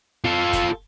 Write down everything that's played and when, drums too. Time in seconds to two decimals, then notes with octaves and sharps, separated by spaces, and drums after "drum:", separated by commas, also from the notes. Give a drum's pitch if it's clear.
0.25 F4 A4
0.53 drum: kick, hi-hat